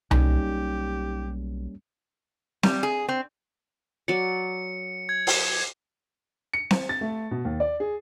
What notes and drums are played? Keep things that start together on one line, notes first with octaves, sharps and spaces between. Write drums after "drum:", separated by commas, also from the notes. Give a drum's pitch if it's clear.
B1 G3 A#3 C#4 D#4 G4, drum: tom C2
G3, drum: snare C4
G#4
C4
F#3 D5 C#7
G#6
drum: open hi-hat
C#7
C4, drum: snare C4
A6
A3
B2
D#2
D5
G#4